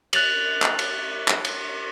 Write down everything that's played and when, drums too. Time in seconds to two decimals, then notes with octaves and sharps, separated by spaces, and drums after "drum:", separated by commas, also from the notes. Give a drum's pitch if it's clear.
0.13 F#6 A6 F7 F#7, drum: cymbal
0.62 drum: clap
0.79 drum: cymbal
1.28 drum: clap
1.45 drum: cymbal